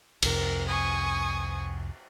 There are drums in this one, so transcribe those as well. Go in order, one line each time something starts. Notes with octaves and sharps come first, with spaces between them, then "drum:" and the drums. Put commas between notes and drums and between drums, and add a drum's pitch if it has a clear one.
C2 F2 C3 A#4, drum: cymbal
G#5 C#6 D#6